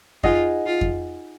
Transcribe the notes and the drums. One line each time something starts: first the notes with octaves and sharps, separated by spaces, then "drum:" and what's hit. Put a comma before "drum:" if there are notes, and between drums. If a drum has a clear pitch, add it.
D#4 F4 G#4 D#5 F#5, drum: kick F2
F4
drum: kick F2